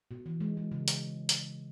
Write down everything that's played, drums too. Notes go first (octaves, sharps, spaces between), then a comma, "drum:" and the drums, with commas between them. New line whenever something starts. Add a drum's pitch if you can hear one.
B2
E3
G#3
G#3
C#3
drum: hi-hat
drum: hi-hat